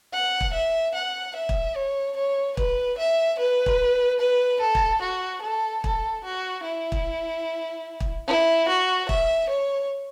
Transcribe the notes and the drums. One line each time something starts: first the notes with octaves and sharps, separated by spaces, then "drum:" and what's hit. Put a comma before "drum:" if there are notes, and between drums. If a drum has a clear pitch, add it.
F#5
drum: kick
E5
F#5
E5
drum: kick
C#5
C#5
B4, drum: kick
E5
B4
drum: kick
B4
A4
drum: kick
F#4
A4
A4, drum: kick
F#4
E4
drum: kick
drum: kick
E4
F#4
E5, drum: kick
C#5